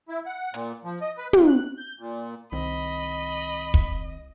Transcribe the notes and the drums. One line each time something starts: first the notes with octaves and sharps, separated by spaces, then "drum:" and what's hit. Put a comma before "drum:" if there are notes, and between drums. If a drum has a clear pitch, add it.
E4
F#5
A#2, drum: hi-hat
F3
D#5
B4
C3, drum: tom
F#6
G6
A#2
C2 D#3 C4 D#5 B5
drum: kick